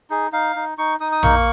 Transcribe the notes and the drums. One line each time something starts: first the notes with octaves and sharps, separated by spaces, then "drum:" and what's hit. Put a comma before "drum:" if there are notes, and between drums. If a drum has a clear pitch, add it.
D#4 G#4
D#4 F5
D#4
D#4 C#6
D#4 D#6
D#6
A#3 C#6, drum: tom A#1